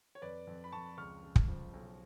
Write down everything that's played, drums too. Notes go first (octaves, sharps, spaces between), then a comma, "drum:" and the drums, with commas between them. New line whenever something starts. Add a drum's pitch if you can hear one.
C#5
F2 B4 D5
F2
B5
F2 A5 C#6
C#2 C#6 F6
C#3
drum: kick
F3
B1